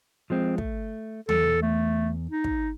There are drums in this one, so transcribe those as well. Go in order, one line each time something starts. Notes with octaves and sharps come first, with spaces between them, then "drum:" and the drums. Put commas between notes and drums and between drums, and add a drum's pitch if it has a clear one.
F3 G#3 C4
A3, drum: kick
E2 A4, drum: tom
A3
D#4
drum: kick